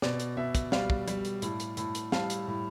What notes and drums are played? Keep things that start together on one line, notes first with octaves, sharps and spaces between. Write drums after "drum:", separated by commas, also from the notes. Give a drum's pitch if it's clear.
B2 D5, drum: snare
drum: hi-hat
B2 E5
drum: kick, hi-hat
G3 D5 F5, drum: snare
drum: kick
G3, drum: hi-hat
drum: hi-hat
A2, drum: hi-hat
drum: hi-hat
A2, drum: hi-hat
drum: hi-hat
G3 F5 A5, drum: snare
drum: hi-hat
A2